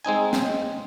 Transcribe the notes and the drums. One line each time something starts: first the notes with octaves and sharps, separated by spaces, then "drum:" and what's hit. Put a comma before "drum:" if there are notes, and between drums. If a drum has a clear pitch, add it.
G#3 C4 D#4 G#5
drum: snare